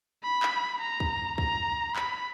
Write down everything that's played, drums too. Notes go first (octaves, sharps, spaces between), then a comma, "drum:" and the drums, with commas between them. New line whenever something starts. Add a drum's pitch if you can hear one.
B5
drum: clap
A#5
drum: kick
A#5, drum: kick
B5, drum: clap